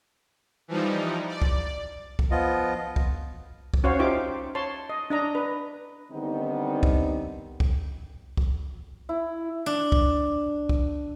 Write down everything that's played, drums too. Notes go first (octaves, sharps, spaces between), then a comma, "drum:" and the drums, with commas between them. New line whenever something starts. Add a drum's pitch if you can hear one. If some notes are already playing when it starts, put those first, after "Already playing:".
E3 F3 G3 D#4
D5
drum: kick
drum: kick
F3 B3 F4 D#5
drum: kick
drum: kick
C#4 F#4 C5 C#5 F5
D#4 F4 G4 C5 E5 D6
C#5 A5 C6
D#5
D4 D#5 A#5
B4
D3 D#3 G3 B3 C4 D#4
drum: kick
drum: kick
drum: kick
E4
D4
drum: kick
drum: kick